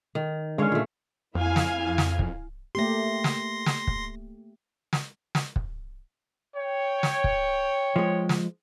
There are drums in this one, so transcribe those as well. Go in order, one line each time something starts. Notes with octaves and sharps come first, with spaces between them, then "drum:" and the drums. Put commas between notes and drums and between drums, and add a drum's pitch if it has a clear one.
D#3
D3 G#3 C#4 C#5 F5
A#2 A3
F2 E4 F5 G#5
drum: snare
drum: snare
drum: kick
A3 A#3 G4 C6 A#6
drum: snare
drum: snare
drum: kick
drum: snare
drum: snare
drum: kick
C#5 G5
drum: snare
drum: kick
F3 G#3
drum: snare